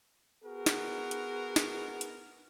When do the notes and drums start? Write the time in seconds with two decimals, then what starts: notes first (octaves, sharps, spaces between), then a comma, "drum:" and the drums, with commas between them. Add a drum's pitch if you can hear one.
0.44 B3 F#4 G#4 A#4
0.66 drum: snare
1.11 drum: hi-hat
1.56 drum: snare
2.01 drum: hi-hat